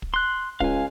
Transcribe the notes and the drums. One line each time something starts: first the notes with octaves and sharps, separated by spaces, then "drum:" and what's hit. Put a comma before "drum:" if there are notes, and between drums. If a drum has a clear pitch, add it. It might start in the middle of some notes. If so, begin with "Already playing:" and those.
drum: kick
C6 F#6
C#2 F5 G#5, drum: kick